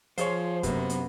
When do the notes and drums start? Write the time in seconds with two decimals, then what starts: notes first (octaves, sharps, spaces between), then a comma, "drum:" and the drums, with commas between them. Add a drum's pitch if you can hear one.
0.18 F3 F4 G#4 C5 C#5, drum: hi-hat
0.63 F#2 C3 A#3 B3, drum: kick, hi-hat
0.90 drum: hi-hat